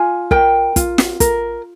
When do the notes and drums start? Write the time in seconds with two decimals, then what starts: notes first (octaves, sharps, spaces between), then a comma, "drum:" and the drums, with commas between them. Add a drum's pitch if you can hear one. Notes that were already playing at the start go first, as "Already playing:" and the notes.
Already playing: F4 G#5
0.31 A#4 G5, drum: kick
0.76 F4, drum: kick, hi-hat
0.98 drum: snare
1.20 A#4, drum: kick, hi-hat